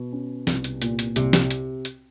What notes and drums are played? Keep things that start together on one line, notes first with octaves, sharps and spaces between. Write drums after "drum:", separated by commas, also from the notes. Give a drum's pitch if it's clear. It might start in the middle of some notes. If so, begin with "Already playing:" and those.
Already playing: B2
C#4
C2, drum: snare
drum: hi-hat
A#2, drum: hi-hat
drum: hi-hat
C2 C3, drum: hi-hat
drum: snare
drum: hi-hat
drum: hi-hat